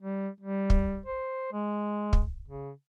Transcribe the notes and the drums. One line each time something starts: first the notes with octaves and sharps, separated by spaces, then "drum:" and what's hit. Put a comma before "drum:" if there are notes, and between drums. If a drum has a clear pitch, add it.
G3
G3
drum: kick
C5
G#3
drum: kick
C#3